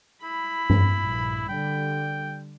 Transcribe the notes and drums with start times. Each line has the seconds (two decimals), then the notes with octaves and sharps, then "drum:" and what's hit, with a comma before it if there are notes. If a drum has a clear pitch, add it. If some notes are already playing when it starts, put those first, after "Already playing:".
0.23 E4 B5
0.70 drum: tom
0.99 A#1 G2
1.49 D3 G3 G5